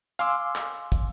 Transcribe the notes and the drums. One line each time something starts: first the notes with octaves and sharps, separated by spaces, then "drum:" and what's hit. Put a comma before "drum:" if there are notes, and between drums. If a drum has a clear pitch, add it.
F5 G#5 C6 D6 E6, drum: hi-hat
drum: clap
drum: kick, hi-hat